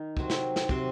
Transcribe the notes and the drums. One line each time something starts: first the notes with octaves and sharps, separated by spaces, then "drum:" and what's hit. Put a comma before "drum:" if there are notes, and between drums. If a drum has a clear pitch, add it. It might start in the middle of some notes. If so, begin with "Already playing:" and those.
Already playing: D#3
C3 F#3 C4, drum: kick
drum: snare
drum: snare
C3 F#3 C4, drum: kick